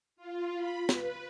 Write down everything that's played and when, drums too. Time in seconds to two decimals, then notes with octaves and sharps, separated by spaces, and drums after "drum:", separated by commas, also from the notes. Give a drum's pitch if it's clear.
0.16 F4
0.54 B5
0.89 B4, drum: snare